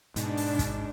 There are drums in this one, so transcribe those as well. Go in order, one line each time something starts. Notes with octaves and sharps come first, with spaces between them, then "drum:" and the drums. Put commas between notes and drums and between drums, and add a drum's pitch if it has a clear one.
G#2 B2 D4, drum: hi-hat
drum: open hi-hat
drum: kick, hi-hat